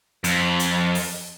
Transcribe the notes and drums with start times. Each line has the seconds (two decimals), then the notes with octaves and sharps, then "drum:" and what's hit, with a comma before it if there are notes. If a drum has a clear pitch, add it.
0.24 F2, drum: hi-hat
0.59 drum: hi-hat
0.95 drum: open hi-hat